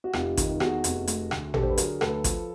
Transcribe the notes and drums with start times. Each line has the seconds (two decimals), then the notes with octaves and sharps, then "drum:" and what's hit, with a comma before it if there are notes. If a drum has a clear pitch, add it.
0.04 F#4
0.13 F1 F4 G4, drum: rim click
0.37 D#3, drum: kick G#1, hi-hat
0.60 E2 F#4 G#4, drum: rim click
0.84 F1, drum: hi-hat
1.07 A3, drum: hi-hat
1.31 D2, drum: rim click
1.54 D3 G4 A4, drum: tom A1
1.63 C5
1.70 B4
1.78 F#3 G#4 A#4, drum: hi-hat
2.01 D2 A4 B4, drum: rim click
2.24 F3, drum: kick G#1, hi-hat